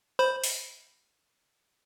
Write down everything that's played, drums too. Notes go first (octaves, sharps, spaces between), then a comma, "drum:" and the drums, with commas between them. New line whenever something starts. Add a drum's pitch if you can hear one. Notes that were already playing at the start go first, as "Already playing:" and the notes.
C5 B5
drum: open hi-hat